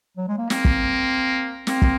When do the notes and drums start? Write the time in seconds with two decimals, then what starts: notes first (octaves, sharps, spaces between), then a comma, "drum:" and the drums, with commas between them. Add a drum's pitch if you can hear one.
0.17 F#3
0.28 G#3
0.38 A#3
0.50 A#3 C4, drum: snare
0.65 drum: kick
1.67 A#3 C4, drum: snare
1.82 drum: kick